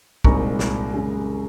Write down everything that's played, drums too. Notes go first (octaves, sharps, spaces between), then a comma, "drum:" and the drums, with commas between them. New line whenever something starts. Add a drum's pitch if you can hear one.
C2 A#2 G#3 C4 D#4 A#5 C#6, drum: kick
drum: snare
F#2 C#3 G#3